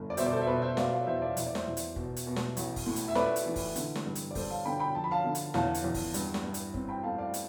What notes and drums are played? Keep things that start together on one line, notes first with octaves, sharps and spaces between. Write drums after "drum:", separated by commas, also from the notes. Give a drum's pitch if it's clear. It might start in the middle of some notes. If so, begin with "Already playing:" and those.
Already playing: G1
D5
B2 C5 E5, drum: hi-hat
D5
A4 C5
E5
B2 B4 D5
C5 E5
B2 D5 F5, drum: snare
D5 F5
E2 C5 E5
D5 F5
E2 E5, drum: hi-hat
D5
C5 E5, drum: snare
E2
drum: hi-hat
B2, drum: kick
drum: hi-hat
B2
drum: snare
A1, drum: hi-hat
drum: kick, open hi-hat
A2
drum: hi-hat
E5
A3 B4 D5, drum: snare
drum: hi-hat
E3
drum: kick, open hi-hat
D3, drum: hi-hat
drum: snare
G2
drum: hi-hat
D5
G2 A4 C5, drum: kick, open hi-hat
F5 A5
D3 G5 B5
G5 B5
F3 A5
B5
F5 A5
D3
drum: hi-hat
E2 F5 A5, drum: snare
drum: hi-hat
E2
drum: kick, open hi-hat
G2, drum: hi-hat
drum: snare
G2
drum: hi-hat
C4, drum: kick
G5 B5
A3 F5 A5
D5 F5
drum: hi-hat